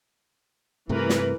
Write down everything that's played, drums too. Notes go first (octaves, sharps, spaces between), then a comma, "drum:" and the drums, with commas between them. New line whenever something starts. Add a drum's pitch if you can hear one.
G2 C3 E3 A3 A#4 B4
drum: snare